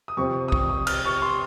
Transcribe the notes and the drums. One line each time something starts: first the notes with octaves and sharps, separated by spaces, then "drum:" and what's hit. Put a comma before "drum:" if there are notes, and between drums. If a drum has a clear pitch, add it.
D#6
F2 C3 F3 C4 C#6
D#6
C#6, drum: kick
D#6
F6, drum: cymbal
C#6
C6